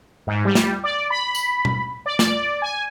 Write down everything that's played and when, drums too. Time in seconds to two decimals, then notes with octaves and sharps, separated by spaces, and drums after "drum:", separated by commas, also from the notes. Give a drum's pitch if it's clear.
0.27 G#2
0.45 G3
0.55 drum: snare
0.84 D5
1.10 B5
1.35 drum: tambourine
1.65 drum: tom B2
2.06 D5
2.19 D5, drum: snare
2.62 G#5